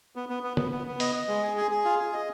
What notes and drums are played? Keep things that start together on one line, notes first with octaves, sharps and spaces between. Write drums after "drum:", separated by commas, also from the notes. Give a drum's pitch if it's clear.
B3
B3
B3
B3, drum: tom
B3
B3
D#5, drum: open hi-hat
D#5
G#3
G#4
G#4
G#4
F4
G#4
D#5